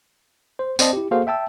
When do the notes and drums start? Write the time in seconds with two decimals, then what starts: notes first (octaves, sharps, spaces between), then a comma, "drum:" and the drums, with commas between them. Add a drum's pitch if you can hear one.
0.59 C5
0.79 C4 C5 D5 D#5 A5, drum: tambourine
0.93 E4 G4
1.11 A#3 F#4 G#4 A4 C5 F5
1.27 E5 G5 A5 E6